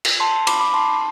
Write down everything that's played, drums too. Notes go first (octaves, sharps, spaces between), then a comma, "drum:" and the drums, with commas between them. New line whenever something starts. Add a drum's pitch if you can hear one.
drum: cymbal
A5 C6
B5 D6, drum: cymbal
B5 D6
A5 C6